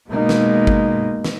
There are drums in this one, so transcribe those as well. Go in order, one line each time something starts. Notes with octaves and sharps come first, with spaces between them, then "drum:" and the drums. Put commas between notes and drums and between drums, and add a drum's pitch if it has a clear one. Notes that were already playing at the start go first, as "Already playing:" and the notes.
B2 G#3 A#3 D#4
drum: snare
drum: kick G#1
drum: snare